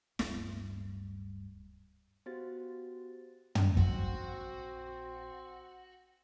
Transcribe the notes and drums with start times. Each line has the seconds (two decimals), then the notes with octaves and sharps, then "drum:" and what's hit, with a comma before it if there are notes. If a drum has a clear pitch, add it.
0.19 D1 G2, drum: snare
2.26 B3 F#4 G4 C5 A6
3.55 drum: tom
3.77 A#1 C4 F#4, drum: kick